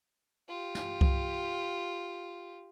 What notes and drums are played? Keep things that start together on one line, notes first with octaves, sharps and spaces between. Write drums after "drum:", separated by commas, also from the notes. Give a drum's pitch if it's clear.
F4 G4
drum: snare
drum: kick C2